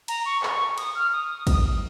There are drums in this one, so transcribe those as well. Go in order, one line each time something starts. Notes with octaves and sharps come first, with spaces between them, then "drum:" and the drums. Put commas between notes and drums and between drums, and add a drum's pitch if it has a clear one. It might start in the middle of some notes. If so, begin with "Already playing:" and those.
A#5, drum: cymbal
C#6
C#6, drum: clap
D#6, drum: cymbal
F6
D#6
drum: kick, cymbal